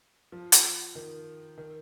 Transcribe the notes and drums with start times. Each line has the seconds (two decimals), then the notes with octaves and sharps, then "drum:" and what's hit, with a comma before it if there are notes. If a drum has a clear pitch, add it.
0.32 F3
0.52 drum: hi-hat
0.95 D#3
1.58 D#3